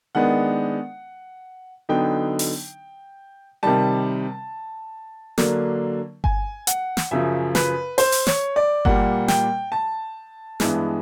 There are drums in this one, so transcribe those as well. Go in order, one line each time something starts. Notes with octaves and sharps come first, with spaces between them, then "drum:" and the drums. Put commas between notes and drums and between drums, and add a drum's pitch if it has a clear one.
D#3 G#3 B3 D4 F#5
D3 F#3 B3 D#4 G5
drum: open hi-hat
C3 D#3 G3 A5
D3 F#3 A#3 D4, drum: snare
G#5, drum: kick G1
F#5, drum: hi-hat
drum: snare
F#2 C#3 F3 E5
B4, drum: snare
C5, drum: open hi-hat
drum: open hi-hat
C#5, drum: snare
D5
A#2 G3 A#3 F#5, drum: kick G1
G5, drum: snare
A5
G2 E3 G#3 B3, drum: snare